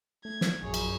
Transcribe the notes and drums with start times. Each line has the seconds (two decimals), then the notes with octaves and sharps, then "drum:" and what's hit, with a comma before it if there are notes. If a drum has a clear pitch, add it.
0.25 A3 G#6
0.41 drum: snare
0.62 A#1 F#2 G#4 C#5
0.74 drum: cymbal